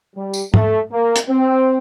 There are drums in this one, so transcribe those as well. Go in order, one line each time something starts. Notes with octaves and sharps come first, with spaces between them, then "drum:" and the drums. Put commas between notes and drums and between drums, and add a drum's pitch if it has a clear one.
G3
drum: tambourine
A3, drum: tom
A#3
drum: hi-hat
C4